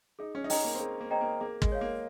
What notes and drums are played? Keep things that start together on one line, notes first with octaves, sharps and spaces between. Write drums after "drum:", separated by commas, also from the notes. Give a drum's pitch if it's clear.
D#4 G#4
C#4
D#4
C#4 D#5 G5 A#5, drum: open hi-hat
A#3
C4
A#3 G#4
A#3
C4 D#5 G5 A#5
A#3
A#3 G#4
G#3, drum: kick
C#5 F5
A#3